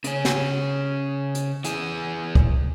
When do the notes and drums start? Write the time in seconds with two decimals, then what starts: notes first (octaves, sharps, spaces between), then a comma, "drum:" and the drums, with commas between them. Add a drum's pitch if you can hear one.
0.04 C#3 C#4, drum: hi-hat
0.25 drum: snare
1.35 drum: hi-hat
1.64 E3 G#4, drum: hi-hat
2.35 drum: kick C#2